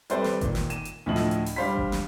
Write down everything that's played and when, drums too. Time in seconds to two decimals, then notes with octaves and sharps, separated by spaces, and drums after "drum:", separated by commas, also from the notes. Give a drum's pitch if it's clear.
0.10 G3 C4 A4 B4 C5 D5, drum: hi-hat
0.24 drum: snare
0.41 A#2 D#3, drum: kick G1, hi-hat
0.55 drum: snare
0.70 D#7 E7, drum: hi-hat
0.85 drum: hi-hat
1.06 D2 A2 F3 D#5 F#7
1.16 drum: snare
1.31 drum: hi-hat
1.46 drum: open hi-hat
1.56 G3 D4 C5 F5 B5 B6
1.77 drum: kick G1
1.92 drum: snare